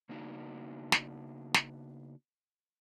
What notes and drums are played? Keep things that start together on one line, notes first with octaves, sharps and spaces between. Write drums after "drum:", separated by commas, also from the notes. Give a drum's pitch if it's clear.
C#3 A#3 B3 D4 D#4 F#4
drum: snare
drum: snare